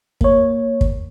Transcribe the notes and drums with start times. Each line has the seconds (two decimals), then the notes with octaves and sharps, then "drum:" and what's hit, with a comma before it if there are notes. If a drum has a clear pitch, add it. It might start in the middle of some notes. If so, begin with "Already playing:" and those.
0.21 A#3 C#5, drum: kick
0.81 drum: kick